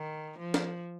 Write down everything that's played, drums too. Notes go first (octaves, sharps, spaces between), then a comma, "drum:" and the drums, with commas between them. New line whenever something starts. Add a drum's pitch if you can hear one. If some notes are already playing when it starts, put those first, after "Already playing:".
Already playing: D#3
F3
drum: snare